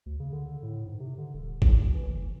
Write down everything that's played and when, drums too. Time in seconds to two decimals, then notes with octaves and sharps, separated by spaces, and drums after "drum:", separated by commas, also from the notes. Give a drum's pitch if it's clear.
0.06 D2
0.20 C#3
0.33 D3
0.63 A2
0.86 G#2
1.00 C3
1.18 D3
1.34 D#1
1.62 A2, drum: kick
1.79 D2
1.94 E3
2.06 F#1